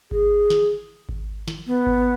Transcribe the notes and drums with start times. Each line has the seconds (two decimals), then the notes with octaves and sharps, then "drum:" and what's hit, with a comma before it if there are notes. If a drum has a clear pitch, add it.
0.11 G#4, drum: kick G#1
0.50 drum: snare
1.09 drum: kick G#1
1.48 drum: snare
1.67 B3
1.86 drum: kick G#1